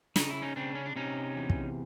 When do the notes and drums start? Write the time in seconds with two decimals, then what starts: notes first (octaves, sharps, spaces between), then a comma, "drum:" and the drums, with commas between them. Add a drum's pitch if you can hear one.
0.16 C#3 D#4, drum: snare
0.30 E4
0.42 C#4 D#4
0.56 C#3 C4 D4
0.75 C#4
0.86 D4
0.96 C3 C#4 D#4
1.36 E2
1.50 drum: kick